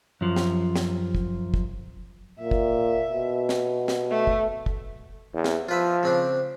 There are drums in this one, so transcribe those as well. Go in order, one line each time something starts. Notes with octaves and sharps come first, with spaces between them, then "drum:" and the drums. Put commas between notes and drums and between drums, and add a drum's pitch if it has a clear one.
F#2 F3
drum: snare
drum: snare
drum: kick
drum: kick
A#2 E5
drum: kick
B2
drum: snare
drum: snare
A3
drum: kick
drum: kick
E2
drum: snare
F3 F4 B4 E5
C#3 C4 D4